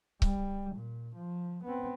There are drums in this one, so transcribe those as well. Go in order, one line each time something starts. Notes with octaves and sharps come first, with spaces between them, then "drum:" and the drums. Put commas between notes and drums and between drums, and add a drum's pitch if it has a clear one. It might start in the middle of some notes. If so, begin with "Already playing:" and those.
G3, drum: kick C#1
A#2
F3
B3 C4